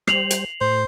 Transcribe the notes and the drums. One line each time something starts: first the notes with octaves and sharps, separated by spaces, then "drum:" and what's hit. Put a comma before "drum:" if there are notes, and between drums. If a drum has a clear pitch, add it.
G3 C5 C7 F7 F#7, drum: rim click
drum: hi-hat
A2 C5